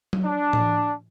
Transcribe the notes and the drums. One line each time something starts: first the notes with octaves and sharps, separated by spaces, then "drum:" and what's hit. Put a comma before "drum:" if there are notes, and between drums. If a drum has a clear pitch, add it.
drum: tom F#3
D4
drum: tom A2